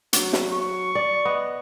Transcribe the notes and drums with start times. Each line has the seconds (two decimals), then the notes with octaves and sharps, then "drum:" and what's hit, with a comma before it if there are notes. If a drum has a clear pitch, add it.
0.13 F#3 F#4, drum: hi-hat
0.33 drum: snare
0.52 C#6
0.95 D5
1.25 B3 D#5